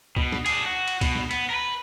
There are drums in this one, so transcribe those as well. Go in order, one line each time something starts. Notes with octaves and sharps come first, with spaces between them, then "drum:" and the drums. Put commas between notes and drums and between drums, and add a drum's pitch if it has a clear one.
B2, drum: kick C#2
drum: snare
D4 G#4, drum: cymbal
F#4
drum: cymbal
B2, drum: kick C#2, cymbal
drum: snare
B3, drum: cymbal
A#4 B4